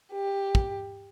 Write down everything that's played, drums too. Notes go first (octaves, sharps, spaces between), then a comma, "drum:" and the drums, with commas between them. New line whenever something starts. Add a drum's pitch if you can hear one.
G4
drum: kick